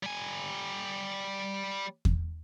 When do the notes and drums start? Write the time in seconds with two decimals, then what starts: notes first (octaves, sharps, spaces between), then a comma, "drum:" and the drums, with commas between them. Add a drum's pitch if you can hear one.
0.03 G3 G#5
2.05 drum: kick E2